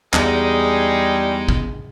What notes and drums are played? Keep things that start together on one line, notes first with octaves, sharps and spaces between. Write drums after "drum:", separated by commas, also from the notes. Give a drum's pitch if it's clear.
E2 G3 G#3 D#4 G#4, drum: clap
drum: kick G#1